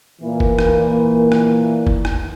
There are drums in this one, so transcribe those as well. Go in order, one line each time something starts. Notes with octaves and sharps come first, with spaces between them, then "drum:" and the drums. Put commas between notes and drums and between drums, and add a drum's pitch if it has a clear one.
A#2 E3 A#3
drum: kick F#1
drum: rim click
drum: rim click
drum: kick F#1
drum: rim click